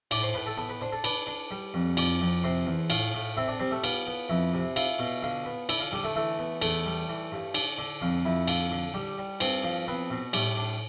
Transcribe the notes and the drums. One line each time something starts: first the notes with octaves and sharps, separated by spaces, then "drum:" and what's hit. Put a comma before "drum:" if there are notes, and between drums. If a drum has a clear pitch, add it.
A2 D5 D6, drum: cymbal
C5 C6
A2 B4 B5
A4 A5
B3 A4 A5
B4 B5
D4 C5 C6
A4 A5
D4 B4 B5, drum: cymbal
D4
G3
F2
F2 D5 D6, drum: cymbal
F2
C3 C5 C6
E2
A2 F4 F5, drum: cymbal
A2
C4 E4 E5
D4 D5
G3 C4 C5
A3 A4
B3 F4, drum: cymbal
B3
F2 E4
C3
E4 F4, drum: cymbal
B2
D3 F4
B3
D3 E4, drum: cymbal
F4
D3 G3 G4
A3 A4
E3 A3 A4
B3
E2 A3 A4, drum: cymbal
G3
E3
G2
D3, drum: cymbal
D3
F2 F4
F2 E4
D3 F4, drum: cymbal
D3
G3 G4
G3
G2 C4 C5, drum: cymbal
F3
B3 C4 B4
B2
A2 G3 G4, drum: cymbal
D4